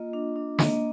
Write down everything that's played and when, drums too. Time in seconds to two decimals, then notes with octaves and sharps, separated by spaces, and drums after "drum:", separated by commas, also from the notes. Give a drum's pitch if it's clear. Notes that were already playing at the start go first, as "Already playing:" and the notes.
Already playing: A#3 F4 D#5
0.13 D4
0.36 D4
0.59 A#3 D#5, drum: snare